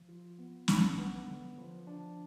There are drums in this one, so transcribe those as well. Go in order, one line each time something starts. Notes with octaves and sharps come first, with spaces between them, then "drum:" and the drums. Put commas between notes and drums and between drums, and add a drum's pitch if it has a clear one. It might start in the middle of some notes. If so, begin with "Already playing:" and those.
Already playing: F3
F4
B3
D4, drum: snare
B3
D3
F3
D4